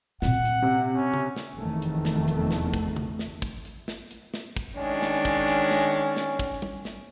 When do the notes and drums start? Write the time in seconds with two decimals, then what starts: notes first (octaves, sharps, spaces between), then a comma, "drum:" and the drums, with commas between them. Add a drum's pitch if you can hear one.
0.22 A#2 C4 F#5, drum: snare
0.45 drum: hi-hat
0.62 C3
0.95 C#4
1.14 drum: tom C#3
1.36 drum: snare
1.56 F1 E2 D#3 A3
1.82 drum: hi-hat
2.05 drum: snare
2.28 drum: hi-hat
2.51 drum: snare
2.74 drum: kick, hi-hat
2.96 drum: tom C#3
3.19 drum: snare
3.42 drum: kick, hi-hat
3.65 drum: hi-hat
3.88 drum: snare
4.11 drum: hi-hat
4.34 drum: snare
4.56 drum: kick, hi-hat
4.76 D#3 G#3 C#4 D4
5.02 drum: snare
5.25 drum: kick, hi-hat
5.48 drum: hi-hat
5.71 drum: snare
5.94 drum: hi-hat
6.17 drum: snare
6.39 drum: kick, hi-hat
6.62 drum: tom G3
6.85 drum: snare